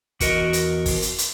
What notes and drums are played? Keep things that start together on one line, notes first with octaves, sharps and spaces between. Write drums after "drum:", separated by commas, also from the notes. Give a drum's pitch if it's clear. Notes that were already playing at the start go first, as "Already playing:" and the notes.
E2 F#4 A#4 D#5, drum: kick, hi-hat
drum: hi-hat
drum: kick, open hi-hat
drum: hi-hat
drum: hi-hat